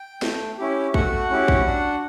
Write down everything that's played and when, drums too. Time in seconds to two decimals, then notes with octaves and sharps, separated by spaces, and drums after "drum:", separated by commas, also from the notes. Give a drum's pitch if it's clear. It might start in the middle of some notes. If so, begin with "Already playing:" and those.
Already playing: G5
0.22 A3, drum: snare
0.58 C#4 E4 G4
0.94 A3 F#4 F#5, drum: kick
1.30 C#4 E4 G4
1.48 drum: kick
1.67 D4